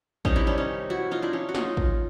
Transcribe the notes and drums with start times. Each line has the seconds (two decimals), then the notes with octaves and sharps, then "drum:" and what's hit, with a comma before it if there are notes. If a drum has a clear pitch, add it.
0.25 C3 D#3 G3 C#4 D#4, drum: kick A1
0.36 D4 E4
0.47 C#4 D#4
0.58 C#4 D#4
0.90 E4 F#4
1.11 D#4 F4
1.22 D4 E4
1.33 C#4 D#4
1.49 F#4
1.55 D#4 F4, drum: snare
1.77 drum: kick A1